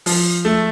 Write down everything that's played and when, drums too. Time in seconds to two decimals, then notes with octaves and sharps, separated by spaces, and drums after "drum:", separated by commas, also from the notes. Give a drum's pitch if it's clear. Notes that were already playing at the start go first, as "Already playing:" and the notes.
0.06 F3, drum: open hi-hat
0.45 A3